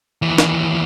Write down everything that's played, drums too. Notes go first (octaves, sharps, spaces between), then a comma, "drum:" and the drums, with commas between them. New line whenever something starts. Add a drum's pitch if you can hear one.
D#2 E3
drum: snare